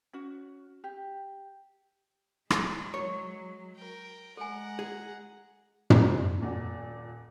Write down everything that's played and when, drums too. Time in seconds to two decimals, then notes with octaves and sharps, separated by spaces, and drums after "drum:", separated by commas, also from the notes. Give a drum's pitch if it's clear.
0.13 C#4 F#4
0.84 G4
2.50 F#3 G#3, drum: rim click
2.94 C#5 C#6
3.77 A#4 G5
4.37 G#3 A4 F#5 G#5 A#5
4.79 G#4
5.90 drum: tom
6.41 D#1 A#2 F#4